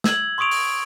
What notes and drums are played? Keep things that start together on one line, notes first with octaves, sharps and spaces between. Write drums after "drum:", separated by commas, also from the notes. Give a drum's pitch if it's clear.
E6 G#6 F#7, drum: snare
C6 C#6 D#6 D7 F7
drum: open hi-hat